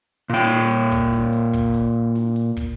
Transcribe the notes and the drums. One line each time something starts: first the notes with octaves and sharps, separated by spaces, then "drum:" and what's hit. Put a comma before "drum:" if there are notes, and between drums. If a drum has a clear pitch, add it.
A#2 G5, drum: hi-hat
drum: snare
drum: hi-hat
drum: kick, hi-hat
drum: snare
drum: hi-hat
drum: kick, hi-hat
drum: hi-hat
drum: snare
drum: hi-hat
drum: kick, hi-hat